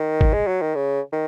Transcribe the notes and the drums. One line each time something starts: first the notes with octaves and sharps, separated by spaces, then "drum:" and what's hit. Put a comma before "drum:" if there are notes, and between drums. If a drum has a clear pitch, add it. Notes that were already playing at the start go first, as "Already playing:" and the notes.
Already playing: D#3
drum: kick
G#3
F#3
D#3
C#3
D#3